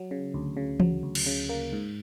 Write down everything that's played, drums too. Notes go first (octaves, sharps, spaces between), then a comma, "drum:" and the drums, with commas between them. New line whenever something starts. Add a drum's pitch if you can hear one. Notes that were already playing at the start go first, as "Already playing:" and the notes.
Already playing: F#3
C#3
D2
C#3
F#3, drum: tom E3
D2
drum: cymbal
C#3
A#3
G#2